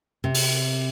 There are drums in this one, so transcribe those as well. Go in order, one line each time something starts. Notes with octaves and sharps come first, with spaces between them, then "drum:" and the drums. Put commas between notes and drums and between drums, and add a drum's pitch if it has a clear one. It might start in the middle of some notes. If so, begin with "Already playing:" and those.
C3
drum: open hi-hat